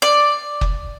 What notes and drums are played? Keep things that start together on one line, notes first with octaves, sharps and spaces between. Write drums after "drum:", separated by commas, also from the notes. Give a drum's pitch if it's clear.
D5
drum: kick